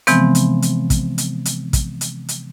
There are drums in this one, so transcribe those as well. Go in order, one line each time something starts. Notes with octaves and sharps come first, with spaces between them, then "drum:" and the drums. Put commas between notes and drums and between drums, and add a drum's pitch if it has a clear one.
C3 E3 F3 G#3 B3 C4, drum: hi-hat
drum: hi-hat
drum: hi-hat
drum: kick, hi-hat
drum: hi-hat
drum: hi-hat
drum: kick, hi-hat
drum: hi-hat
drum: hi-hat